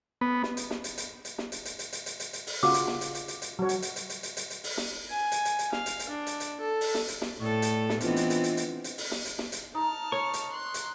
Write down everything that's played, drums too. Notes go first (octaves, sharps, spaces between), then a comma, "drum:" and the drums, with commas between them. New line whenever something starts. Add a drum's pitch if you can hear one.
B3
drum: snare
drum: hi-hat
drum: snare
drum: hi-hat
drum: hi-hat
drum: hi-hat
drum: snare
drum: hi-hat
drum: hi-hat
drum: hi-hat
drum: hi-hat
drum: hi-hat
drum: hi-hat
drum: hi-hat
drum: open hi-hat
C#3 F4 F#4 D6, drum: snare
drum: hi-hat
drum: snare
drum: hi-hat
drum: hi-hat
drum: hi-hat
drum: hi-hat
F#3 C#5
drum: hi-hat
drum: hi-hat
drum: hi-hat
drum: hi-hat
drum: hi-hat
drum: hi-hat
drum: hi-hat
drum: open hi-hat
drum: snare
G#5
drum: hi-hat
drum: hi-hat
drum: hi-hat
F5, drum: snare
drum: hi-hat
drum: hi-hat
D4
drum: hi-hat
drum: hi-hat
A4
drum: open hi-hat
drum: snare
drum: hi-hat
drum: snare
A2 A4 D5 C#6
drum: hi-hat
drum: snare
E3 B3 C4 D4 F4 D#5, drum: hi-hat
drum: hi-hat
drum: hi-hat
drum: hi-hat
drum: hi-hat
drum: hi-hat
drum: open hi-hat
drum: snare
drum: hi-hat
drum: snare
drum: hi-hat
D#4 A5 F6
C#5 C#6
drum: hi-hat
C6 F#6
drum: hi-hat